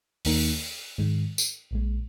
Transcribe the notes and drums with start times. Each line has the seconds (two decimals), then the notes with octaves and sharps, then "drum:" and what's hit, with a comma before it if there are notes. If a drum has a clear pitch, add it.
0.25 D#2 D#3 A#3 D#4 A#4, drum: open hi-hat
0.98 G#2 D#3 G#3
1.38 drum: tambourine
1.71 A#1 A#2 G#3